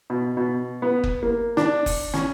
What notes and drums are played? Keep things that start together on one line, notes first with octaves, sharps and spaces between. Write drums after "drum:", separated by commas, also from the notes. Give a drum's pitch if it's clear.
B2
B2
B3
drum: kick F#1
A#3
D4, drum: snare
drum: kick F#1, open hi-hat
C#4, drum: snare